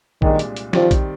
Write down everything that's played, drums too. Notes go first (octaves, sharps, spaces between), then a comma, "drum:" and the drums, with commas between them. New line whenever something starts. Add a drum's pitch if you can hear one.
C2 A#2 D#3 G#3 D4 G#4, drum: kick
drum: hi-hat
drum: hi-hat
D#3 F3 G3 C4 G4 D5, drum: snare
drum: kick, hi-hat